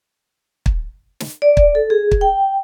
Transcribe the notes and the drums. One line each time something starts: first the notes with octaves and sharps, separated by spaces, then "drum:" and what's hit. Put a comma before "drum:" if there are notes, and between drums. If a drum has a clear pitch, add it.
drum: kick
drum: snare
D5
drum: kick
A4
G#4
drum: kick
G5